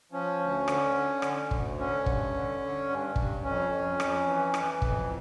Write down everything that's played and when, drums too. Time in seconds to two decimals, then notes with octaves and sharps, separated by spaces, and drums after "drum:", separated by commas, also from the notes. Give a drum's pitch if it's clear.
0.12 F3 C#4
0.40 D2
0.68 D3, drum: rim click
0.95 D3
1.22 D3, drum: rim click
1.51 D2, drum: kick
1.78 D3 C#4
2.06 G2, drum: kick
2.33 D3
2.61 D3
2.89 G2
3.16 G2, drum: kick
3.43 F2 C#4
3.72 F2
4.00 F2, drum: rim click
4.27 E3
4.54 E3, drum: rim click
4.82 F2, drum: kick